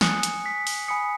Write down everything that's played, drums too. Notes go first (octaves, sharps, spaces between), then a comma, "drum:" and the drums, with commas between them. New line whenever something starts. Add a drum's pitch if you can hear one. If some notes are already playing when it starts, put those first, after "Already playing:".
G#5 D#6 F#6 C#7, drum: snare
drum: hi-hat
B6
drum: open hi-hat
G#5 B5 D#6 C#7